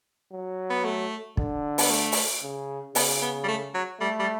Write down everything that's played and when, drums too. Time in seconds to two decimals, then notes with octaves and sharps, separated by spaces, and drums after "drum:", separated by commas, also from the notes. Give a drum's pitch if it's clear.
0.32 F#3
0.70 B3
0.84 A3
1.37 D3, drum: kick
1.78 B3, drum: open hi-hat
1.90 A3
2.12 drum: open hi-hat
2.43 C#3
2.95 C#3 B3, drum: open hi-hat
3.21 B3
3.44 G3
3.48 A3
3.74 F#3
4.00 G3 A3
4.19 G3